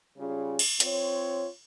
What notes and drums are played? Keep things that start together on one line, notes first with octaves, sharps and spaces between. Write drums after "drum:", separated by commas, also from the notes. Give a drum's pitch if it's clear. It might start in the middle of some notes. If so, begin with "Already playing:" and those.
C#3 G3 C#4 F4 G#4
drum: cymbal
C4 F4 C#5, drum: hi-hat